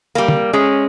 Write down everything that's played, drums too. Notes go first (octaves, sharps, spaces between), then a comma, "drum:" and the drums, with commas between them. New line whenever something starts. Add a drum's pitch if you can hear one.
G3 A#3
drum: tom
G#3 C#4